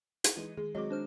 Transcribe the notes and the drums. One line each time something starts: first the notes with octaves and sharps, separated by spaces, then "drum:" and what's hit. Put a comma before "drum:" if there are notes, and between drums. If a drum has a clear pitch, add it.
D#7, drum: hi-hat
E3 G#3 D#4
D#3 G#3 G#4
F#3 G#3 C4 F#4 G#4 C#5 D#5 D6
D4 C5 F6